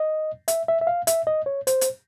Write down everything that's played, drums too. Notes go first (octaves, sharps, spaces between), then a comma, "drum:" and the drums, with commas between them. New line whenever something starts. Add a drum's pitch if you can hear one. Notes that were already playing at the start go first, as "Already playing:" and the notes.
Already playing: D#5
E5, drum: hi-hat
E5
E5
F5
E5, drum: hi-hat
D#5
C#5
C5, drum: hi-hat
drum: hi-hat